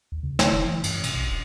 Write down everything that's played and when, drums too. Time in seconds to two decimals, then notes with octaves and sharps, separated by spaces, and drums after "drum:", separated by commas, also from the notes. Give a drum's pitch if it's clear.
0.12 D#2
0.23 C#3
0.39 D3, drum: snare
0.52 E1
0.67 E3
0.84 G2, drum: cymbal
1.03 B2, drum: cymbal
1.15 A#1
1.29 D#1